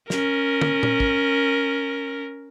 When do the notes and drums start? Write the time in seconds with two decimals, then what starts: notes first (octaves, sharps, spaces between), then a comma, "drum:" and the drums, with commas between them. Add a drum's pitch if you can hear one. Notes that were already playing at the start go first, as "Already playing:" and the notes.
0.10 C#4 A#4, drum: snare
0.62 drum: tom
0.83 drum: tom
1.00 drum: kick